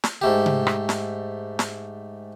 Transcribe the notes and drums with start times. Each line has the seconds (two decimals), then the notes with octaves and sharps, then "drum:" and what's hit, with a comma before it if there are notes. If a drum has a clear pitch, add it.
0.04 drum: snare
0.21 G#2 A3 G4
0.46 drum: tom C3
0.67 drum: rim click
0.89 drum: snare
1.59 drum: snare